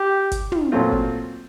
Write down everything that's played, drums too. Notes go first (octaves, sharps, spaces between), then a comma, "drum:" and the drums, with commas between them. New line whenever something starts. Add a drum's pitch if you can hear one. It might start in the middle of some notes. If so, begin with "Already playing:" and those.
Already playing: G4
drum: kick, hi-hat
drum: tom
A#2 F#3 A3 C4 F4
drum: kick